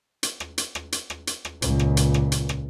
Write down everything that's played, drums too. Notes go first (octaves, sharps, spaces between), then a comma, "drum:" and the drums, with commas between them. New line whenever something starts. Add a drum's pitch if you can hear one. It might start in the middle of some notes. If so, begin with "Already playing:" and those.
drum: hi-hat
drum: rim click
drum: hi-hat
drum: rim click
drum: hi-hat
drum: rim click
drum: hi-hat
drum: rim click
C#2 A#2, drum: hi-hat
drum: rim click
drum: hi-hat
drum: rim click
drum: hi-hat
drum: rim click